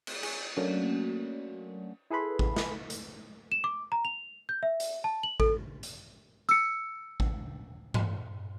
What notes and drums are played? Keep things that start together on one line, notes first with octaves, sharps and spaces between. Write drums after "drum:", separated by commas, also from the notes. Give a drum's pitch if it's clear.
drum: cymbal
G#4 C#5, drum: cymbal
F#3 A3 A#3 C#4 D4 F#4
E4 G#4 A4 B4 B5 C6
drum: kick A1
drum: snare
drum: hi-hat
E7
D6
A#5
F7
G6
E5
drum: hi-hat
A5
F#7
A4, drum: kick A1
drum: hi-hat
E6 C#7, drum: tambourine
drum: kick A1
drum: tom G2